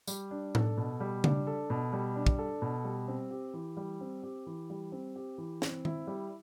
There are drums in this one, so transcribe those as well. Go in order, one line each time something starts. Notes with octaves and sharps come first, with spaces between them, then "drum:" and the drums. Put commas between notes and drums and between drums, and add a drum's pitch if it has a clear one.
G3, drum: tambourine
D4
A4, drum: tom A2
B2
G3
D4, drum: tom C#3
A4
B2
G3
D4
drum: kick
A4
B2
G3
C4
G4
E3
G3
C4
G4
E3
G3
C4
G4
E3
C4, drum: snare
E4, drum: tom D#3
G3